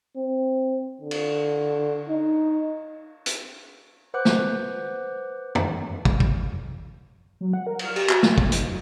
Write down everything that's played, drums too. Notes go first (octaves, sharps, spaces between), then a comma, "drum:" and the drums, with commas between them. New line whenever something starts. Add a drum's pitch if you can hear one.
C4
D3
drum: cymbal
D#4
drum: hi-hat
B4 C5 F#5 D6 F#6
drum: snare
drum: tom
drum: kick
drum: kick
F#3
F#5
A#4
F6, drum: cymbal
G4, drum: cymbal
F#4, drum: clap
F4, drum: snare
D3, drum: kick
D#4, drum: hi-hat
F#3